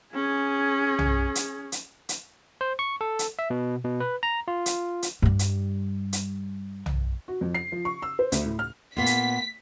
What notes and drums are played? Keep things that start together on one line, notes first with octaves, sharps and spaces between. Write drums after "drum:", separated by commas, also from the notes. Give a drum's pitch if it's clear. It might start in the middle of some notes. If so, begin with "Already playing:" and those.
C#4 G#4
drum: tom
drum: hi-hat
drum: hi-hat
drum: hi-hat
C5
C#6
A4
drum: hi-hat
E5
B2
B2
B4
A#5
F4
drum: hi-hat
drum: hi-hat
G2 G3
drum: hi-hat
drum: hi-hat
drum: tom
F#4
F2
C7
F3
C#6
E6
C5
D2, drum: hi-hat
A2
F6
A#2 B3 F4 B6
drum: hi-hat